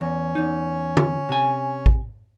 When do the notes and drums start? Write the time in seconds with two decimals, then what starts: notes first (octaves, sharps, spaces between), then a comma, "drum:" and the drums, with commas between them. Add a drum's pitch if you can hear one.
0.01 E2 C#4 C#5
0.35 E2 D#4
0.97 drum: tom D3
1.29 C3 G#5
1.86 drum: kick A1